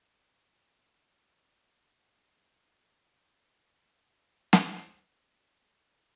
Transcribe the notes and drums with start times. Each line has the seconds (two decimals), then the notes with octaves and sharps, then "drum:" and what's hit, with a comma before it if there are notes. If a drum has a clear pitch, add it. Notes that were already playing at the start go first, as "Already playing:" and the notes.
0.09 D3
0.23 A3
0.39 C6
0.54 G2
0.68 B2 E3
1.00 C#4 D4 G#4
1.65 G4 G#4 D#5 E5 F#5
2.27 D6 F#6
2.71 G#3 E4 A#5
3.64 D4 C#5
4.53 drum: snare